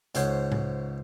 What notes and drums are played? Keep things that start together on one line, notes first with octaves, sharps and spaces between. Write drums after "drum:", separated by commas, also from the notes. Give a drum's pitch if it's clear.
C#2 G#2 C5 C#5 F#5, drum: hi-hat
drum: tom A2